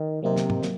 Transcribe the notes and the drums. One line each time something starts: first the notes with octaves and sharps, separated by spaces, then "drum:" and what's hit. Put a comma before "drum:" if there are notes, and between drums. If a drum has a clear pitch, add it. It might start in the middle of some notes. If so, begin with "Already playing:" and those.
Already playing: D#3
C3 F#3 A#3 D#4 A#4 D#5
drum: snare
drum: tom
F#3 A#3, drum: snare